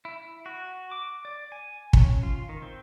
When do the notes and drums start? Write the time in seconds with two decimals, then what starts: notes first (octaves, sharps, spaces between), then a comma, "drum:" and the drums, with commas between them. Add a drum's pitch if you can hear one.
0.05 E4
0.46 F#4
0.91 D6
1.25 D5
1.52 G#5
1.93 C#4, drum: kick
2.23 F4
2.49 D#3
2.62 C4